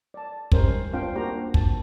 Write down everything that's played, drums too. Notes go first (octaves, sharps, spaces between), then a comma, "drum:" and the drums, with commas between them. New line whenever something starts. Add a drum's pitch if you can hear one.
D5 A5
G3 G#3 C#4 A#4 C5, drum: kick
C4 D4 F4 C5 F5 G5
A#3 D4 F#4 G4 C5 A#5
A5, drum: kick